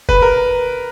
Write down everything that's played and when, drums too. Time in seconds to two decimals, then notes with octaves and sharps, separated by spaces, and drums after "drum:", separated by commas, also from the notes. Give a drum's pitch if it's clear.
0.09 B4, drum: kick F1
0.22 A#4